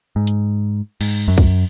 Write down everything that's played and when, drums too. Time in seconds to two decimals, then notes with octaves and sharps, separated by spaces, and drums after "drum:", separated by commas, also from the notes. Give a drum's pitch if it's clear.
0.16 G#2
0.27 drum: hi-hat
1.01 G#2, drum: cymbal
1.28 F#2
1.38 drum: kick B1